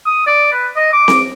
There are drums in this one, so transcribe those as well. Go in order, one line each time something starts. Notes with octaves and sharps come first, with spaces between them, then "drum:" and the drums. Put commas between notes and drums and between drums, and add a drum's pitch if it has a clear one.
D#6
D5
B4
D#5
D6
drum: snare C4